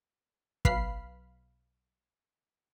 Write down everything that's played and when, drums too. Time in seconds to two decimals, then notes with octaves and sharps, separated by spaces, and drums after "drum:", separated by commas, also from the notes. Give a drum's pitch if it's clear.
0.65 B1 B4 F5 B5 C7, drum: kick